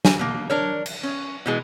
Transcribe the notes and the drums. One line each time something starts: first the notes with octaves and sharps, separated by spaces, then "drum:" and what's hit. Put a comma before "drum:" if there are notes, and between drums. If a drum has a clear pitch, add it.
G#5, drum: snare
B2 A#3
D4 A#4 C#5
drum: cymbal
C#4
B2 E3 G#3